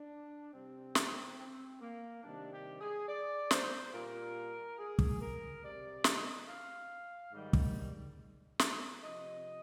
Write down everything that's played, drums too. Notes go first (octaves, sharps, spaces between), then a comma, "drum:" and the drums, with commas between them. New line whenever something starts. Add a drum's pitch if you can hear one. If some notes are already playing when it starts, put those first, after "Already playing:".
Already playing: D4
C3 G3 C4
drum: snare
C4
A#3
C3 D#3 G3 D4
G4
G#4
D5
C5, drum: snare
A#2 G3 A#4
G#4
drum: kick
A#4
C3 G3 D5
D#5, drum: snare
F5
G#2 D#3 G3
drum: kick
drum: snare
C3 F3 D#5